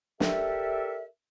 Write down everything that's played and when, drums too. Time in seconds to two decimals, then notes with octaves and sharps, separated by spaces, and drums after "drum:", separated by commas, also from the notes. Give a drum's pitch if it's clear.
0.20 G4 A4 A#4 D5 E5, drum: snare